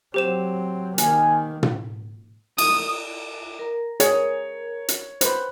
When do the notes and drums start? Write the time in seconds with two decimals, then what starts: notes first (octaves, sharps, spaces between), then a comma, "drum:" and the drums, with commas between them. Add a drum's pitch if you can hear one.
0.14 F#3 C4 G4 C5 E7
0.98 D#3 A#3 G#5, drum: hi-hat
1.63 drum: tom
2.58 D#6, drum: cymbal
3.59 A#4 A#5
4.00 G#4 C#5, drum: hi-hat
4.88 drum: hi-hat
5.21 B4 C5, drum: hi-hat